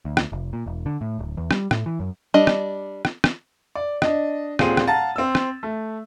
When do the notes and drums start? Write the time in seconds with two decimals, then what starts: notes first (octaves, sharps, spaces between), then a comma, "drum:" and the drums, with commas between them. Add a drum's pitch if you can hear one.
0.05 D2
0.17 drum: rim click
0.32 F1
0.53 A#2
0.66 E1
0.86 D3
1.01 A2
1.19 D1
1.37 E2
1.51 G3, drum: rim click
1.71 A2, drum: rim click
1.86 E3
2.00 F#2
2.34 G3 D4 D#5
2.47 drum: rim click
3.05 drum: rim click
3.24 drum: rim click
3.75 D5
4.02 D4 D#5, drum: rim click
4.59 D#1 A#2 C4 G#4 D#7, drum: rim click
4.77 drum: rim click
4.87 F5 F#5 A5 A#5 A6
5.16 C4 E6
5.35 drum: rim click
5.63 A3